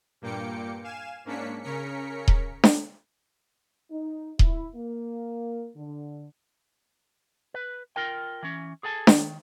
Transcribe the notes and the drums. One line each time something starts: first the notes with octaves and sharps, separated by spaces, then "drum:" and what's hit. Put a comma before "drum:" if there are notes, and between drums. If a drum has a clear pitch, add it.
G2 A#2 A#3 G5 D6 C#7
F5 G#5 E7
G#2 A#3 C#4 D4 B6 C#7
C#3 C#4 A#4 B6 C#7
drum: kick D#1
drum: snare D4
D#4
E4, drum: kick D#1
A#3
D3
B4
F4 A#4 G5
E3 C#4
G#4 A4 G#5 A5
D#3, drum: snare D4